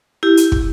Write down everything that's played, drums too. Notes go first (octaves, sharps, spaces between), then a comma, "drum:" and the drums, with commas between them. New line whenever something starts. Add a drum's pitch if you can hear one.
E4 G4
drum: hi-hat
drum: kick